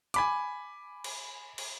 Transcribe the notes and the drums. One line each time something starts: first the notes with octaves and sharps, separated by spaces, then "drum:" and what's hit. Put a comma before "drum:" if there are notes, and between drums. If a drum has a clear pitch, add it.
G#5 B5 D6, drum: hi-hat
drum: cymbal
drum: cymbal